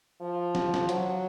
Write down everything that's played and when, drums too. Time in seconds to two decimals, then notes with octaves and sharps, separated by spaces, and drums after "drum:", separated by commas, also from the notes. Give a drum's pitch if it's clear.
0.21 F3
0.55 drum: snare
0.74 drum: snare
0.89 F#3, drum: hi-hat